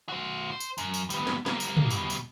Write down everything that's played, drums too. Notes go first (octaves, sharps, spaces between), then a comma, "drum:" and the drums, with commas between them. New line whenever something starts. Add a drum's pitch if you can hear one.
F#4 C5
C5
drum: tambourine
F#2, drum: tambourine
drum: tambourine
G3 B3, drum: tambourine
drum: snare
G3 A#3, drum: snare
drum: tambourine
drum: tom
B2 G3, drum: tambourine
drum: tambourine